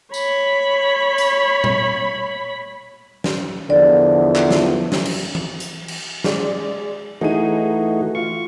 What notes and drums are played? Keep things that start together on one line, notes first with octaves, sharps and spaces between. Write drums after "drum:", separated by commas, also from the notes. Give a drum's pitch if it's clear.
C#5 B5, drum: tambourine
drum: hi-hat
drum: tom
drum: snare
E2 D3 F3 D5
drum: clap
drum: snare
drum: snare
drum: cymbal
drum: tom E3
drum: hi-hat
drum: cymbal
G#3 D5, drum: snare
E3 A3 D#4 F#4 G#4 D#7
F4 C#6